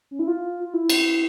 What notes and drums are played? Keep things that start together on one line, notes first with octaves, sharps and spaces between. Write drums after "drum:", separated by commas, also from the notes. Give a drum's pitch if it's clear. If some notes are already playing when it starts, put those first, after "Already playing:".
C#4
E4
F4
F4
E4
drum: cymbal